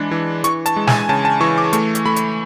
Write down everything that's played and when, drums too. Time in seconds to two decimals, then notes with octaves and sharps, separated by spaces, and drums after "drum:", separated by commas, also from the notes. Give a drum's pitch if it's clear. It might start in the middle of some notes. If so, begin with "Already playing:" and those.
Already playing: E3 G#3 D4 B5
0.11 E3
0.44 E3 C#6, drum: hi-hat
0.66 A5, drum: hi-hat
0.76 G#3
0.87 G#5, drum: snare
1.09 C#3 A5
1.25 A5
1.40 E3 C#6
1.58 D6
1.73 A3 C#6, drum: hi-hat
1.95 drum: hi-hat
2.06 A3 B5
2.16 drum: hi-hat